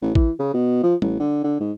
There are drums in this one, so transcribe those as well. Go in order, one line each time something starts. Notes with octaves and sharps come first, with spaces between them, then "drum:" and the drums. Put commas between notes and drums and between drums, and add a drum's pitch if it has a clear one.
A1
E3, drum: kick A1
C#3
B2
F3
A1, drum: tom G3
D3
D3
G#2